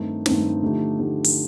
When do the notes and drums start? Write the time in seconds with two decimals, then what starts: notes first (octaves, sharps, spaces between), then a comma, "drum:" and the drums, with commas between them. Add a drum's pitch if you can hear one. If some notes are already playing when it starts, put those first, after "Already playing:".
Already playing: G2 D#3 A3 C4 D#4
0.26 G2 D#3 A3 C4 D#4, drum: snare
0.62 D3 F3 A3 D#4 G4
0.99 D3 F3 A3 D#4 G4
1.24 drum: open hi-hat